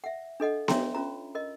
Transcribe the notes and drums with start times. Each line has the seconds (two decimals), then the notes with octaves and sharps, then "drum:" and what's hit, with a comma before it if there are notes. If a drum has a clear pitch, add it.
0.04 E5 F#5
0.40 D4 A4 D#5 F#5
0.68 D4 C#5 E5 G5 A#5 C6, drum: snare B3
0.95 C#4 F4 A#5
1.35 A#4 D#5